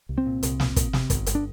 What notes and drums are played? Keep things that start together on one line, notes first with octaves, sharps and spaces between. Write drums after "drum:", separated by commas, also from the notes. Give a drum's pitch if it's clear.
C2
C4
A#2
C2, drum: hi-hat
A#2, drum: snare
A#2, drum: kick, hi-hat
C3, drum: snare
G1, drum: kick, hi-hat
G1, drum: hi-hat
D4